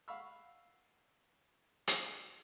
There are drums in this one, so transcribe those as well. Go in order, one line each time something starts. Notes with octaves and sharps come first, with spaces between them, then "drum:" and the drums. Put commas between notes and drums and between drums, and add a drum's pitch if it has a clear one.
F5 F#5 B5 C#6 E6
drum: hi-hat